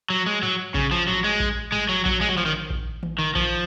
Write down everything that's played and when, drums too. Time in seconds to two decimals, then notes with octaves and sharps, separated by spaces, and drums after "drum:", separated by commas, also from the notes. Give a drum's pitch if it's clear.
0.10 F#3
0.26 G#3
0.43 F#3, drum: tom G#2
0.74 C#3, drum: kick A#1
0.91 F3
1.07 F#3, drum: tom G#2
1.24 G#3
1.40 drum: kick A#1
1.72 G#3, drum: tom G#2
1.89 F#3
2.05 F#3, drum: kick A#1
2.21 G#3
2.29 F#3
2.37 F3, drum: tom D#3
2.46 D#3
2.70 drum: kick A#1
3.03 drum: tom D#3
3.19 D#3
3.35 F3, drum: kick A#1